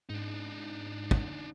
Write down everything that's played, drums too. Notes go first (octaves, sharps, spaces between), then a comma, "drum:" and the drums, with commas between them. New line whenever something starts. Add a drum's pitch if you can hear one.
G#2 D4 D#4
drum: kick